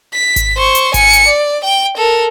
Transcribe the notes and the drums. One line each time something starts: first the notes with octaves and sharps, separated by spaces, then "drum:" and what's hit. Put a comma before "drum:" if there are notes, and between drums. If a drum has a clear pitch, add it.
B6
drum: kick G#1, hi-hat
C5 C#6
drum: hi-hat
G#5 C#7, drum: kick G#1, hi-hat
drum: hi-hat
D5
G5
A4 A#4